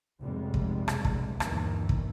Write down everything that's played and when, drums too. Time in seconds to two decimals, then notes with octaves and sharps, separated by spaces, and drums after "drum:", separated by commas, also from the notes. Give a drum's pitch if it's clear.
0.20 F1 B1 F2 G3 G#3
0.54 drum: kick
0.88 drum: rim click
1.05 drum: kick
1.40 G1 D#2 D#3 E3, drum: rim click
1.89 drum: kick